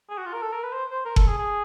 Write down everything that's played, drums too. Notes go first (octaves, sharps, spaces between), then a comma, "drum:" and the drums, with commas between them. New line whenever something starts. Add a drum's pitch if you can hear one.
G#4
F#4
F4
A#4
A4
A#4
B4
C5
C5
A#4
A4, drum: kick F#1
G#4
G#4